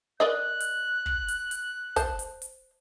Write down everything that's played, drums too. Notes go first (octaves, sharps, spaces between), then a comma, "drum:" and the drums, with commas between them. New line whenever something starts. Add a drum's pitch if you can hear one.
A#4 D5 D#5 F#6
drum: hi-hat
drum: kick
drum: hi-hat
drum: hi-hat
C5 A5, drum: kick, hi-hat
drum: hi-hat
drum: hi-hat